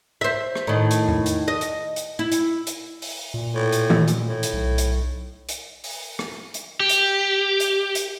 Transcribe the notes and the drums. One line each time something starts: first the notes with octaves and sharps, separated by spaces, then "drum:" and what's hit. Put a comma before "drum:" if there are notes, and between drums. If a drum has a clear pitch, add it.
C5 E5
drum: rim click
A2 D#3
drum: hi-hat
drum: tom E2
drum: hi-hat
D#5
drum: hi-hat
drum: hi-hat
E4
drum: hi-hat
drum: hi-hat
drum: open hi-hat
A#2
A2
drum: hi-hat
drum: tom
drum: hi-hat
A2
drum: hi-hat
B1
drum: hi-hat
drum: hi-hat
drum: open hi-hat
drum: rim click
drum: hi-hat
G4
drum: hi-hat
drum: hi-hat
drum: hi-hat